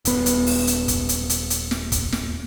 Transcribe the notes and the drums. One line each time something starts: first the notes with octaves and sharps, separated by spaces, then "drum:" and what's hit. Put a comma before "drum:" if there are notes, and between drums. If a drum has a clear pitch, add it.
D#1 B3, drum: hi-hat
drum: hi-hat
drum: open hi-hat
drum: hi-hat
drum: kick, hi-hat
drum: hi-hat
drum: hi-hat
drum: hi-hat
drum: snare
drum: kick, hi-hat
drum: snare